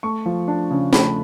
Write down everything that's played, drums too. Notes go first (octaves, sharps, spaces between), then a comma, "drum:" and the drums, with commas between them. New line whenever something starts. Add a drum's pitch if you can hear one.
A3 C#6
F3
D4
C#3
A3 B5, drum: snare